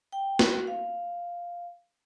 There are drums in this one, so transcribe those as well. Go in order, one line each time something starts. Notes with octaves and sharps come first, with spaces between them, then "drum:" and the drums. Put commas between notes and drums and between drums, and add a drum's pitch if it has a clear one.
G5
F#4, drum: snare
F5